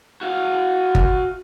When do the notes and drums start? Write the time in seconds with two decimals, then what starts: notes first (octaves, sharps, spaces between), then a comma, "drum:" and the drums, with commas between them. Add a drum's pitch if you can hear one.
0.21 F#4 F5
0.95 drum: kick G1